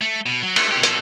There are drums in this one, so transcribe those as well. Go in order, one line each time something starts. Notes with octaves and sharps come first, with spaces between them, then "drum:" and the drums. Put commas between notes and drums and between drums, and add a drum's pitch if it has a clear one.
A3
B2
F#3
A3, drum: cymbal
B2 G4
B2 A4, drum: hi-hat